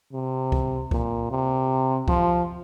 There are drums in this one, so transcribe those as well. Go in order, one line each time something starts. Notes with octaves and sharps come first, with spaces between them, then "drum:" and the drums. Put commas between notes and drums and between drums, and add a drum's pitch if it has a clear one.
C3
drum: kick C2
A#2, drum: kick C2
C3
F3, drum: kick C2